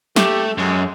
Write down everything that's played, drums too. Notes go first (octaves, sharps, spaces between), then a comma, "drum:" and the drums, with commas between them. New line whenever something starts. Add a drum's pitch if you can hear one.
A3 G4, drum: snare
F#2 F#3 G#3